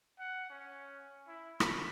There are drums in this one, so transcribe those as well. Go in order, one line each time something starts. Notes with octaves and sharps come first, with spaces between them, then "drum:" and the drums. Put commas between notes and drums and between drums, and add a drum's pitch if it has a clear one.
F#5
C#4
E4
B5, drum: rim click